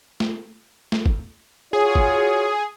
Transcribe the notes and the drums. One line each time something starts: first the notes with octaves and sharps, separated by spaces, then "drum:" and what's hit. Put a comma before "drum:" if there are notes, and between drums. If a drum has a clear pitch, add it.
drum: snare
drum: snare
drum: kick
F4 F#4 G#4 C#5
drum: kick